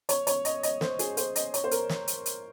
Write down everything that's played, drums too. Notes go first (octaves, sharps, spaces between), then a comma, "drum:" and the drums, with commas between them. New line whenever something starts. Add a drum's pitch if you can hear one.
C#5, drum: hi-hat
C#5, drum: hi-hat
D#5, drum: hi-hat
D#5, drum: hi-hat
C5, drum: snare
G#4, drum: hi-hat
C5, drum: hi-hat
D#5, drum: hi-hat
C#5, drum: hi-hat
C5
A#4, drum: hi-hat
drum: snare
drum: hi-hat
drum: hi-hat